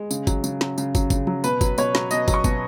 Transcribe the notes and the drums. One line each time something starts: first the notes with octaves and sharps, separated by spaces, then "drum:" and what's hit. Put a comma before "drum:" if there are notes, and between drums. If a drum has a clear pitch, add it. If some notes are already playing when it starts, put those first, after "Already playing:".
Already playing: G#3
C#3, drum: tambourine
F#3, drum: kick, tambourine
C#3, drum: tambourine
F#3, drum: snare
C#3, drum: tambourine
F#3, drum: kick, tambourine
C#3, drum: kick, tambourine
F#3, drum: tom F3
B2 B4, drum: tambourine
F#3, drum: kick, tambourine
B2 C#5, drum: tambourine
F#3, drum: snare
B2 D#5, drum: tambourine
F#3, drum: kick, tambourine
C#6
B2, drum: kick, tambourine